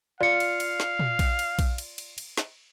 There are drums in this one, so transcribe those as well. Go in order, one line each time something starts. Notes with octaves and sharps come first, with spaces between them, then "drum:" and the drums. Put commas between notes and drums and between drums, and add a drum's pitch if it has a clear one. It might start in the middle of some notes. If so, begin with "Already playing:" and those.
F4 D5 F5 C#7
drum: cymbal
drum: cymbal
drum: snare
drum: tom A#2
drum: kick A#1, cymbal
drum: cymbal
drum: kick A#1, cymbal
drum: cymbal
drum: cymbal
drum: cymbal
drum: snare